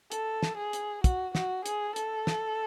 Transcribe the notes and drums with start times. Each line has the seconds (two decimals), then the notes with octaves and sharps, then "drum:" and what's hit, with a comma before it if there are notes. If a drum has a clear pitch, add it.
0.12 A4, drum: hi-hat
0.43 drum: snare
0.58 G#4
0.73 drum: hi-hat
1.04 F#4, drum: kick, hi-hat
1.35 F#4, drum: snare
1.66 G#4, drum: hi-hat
1.96 A4, drum: hi-hat
2.27 drum: snare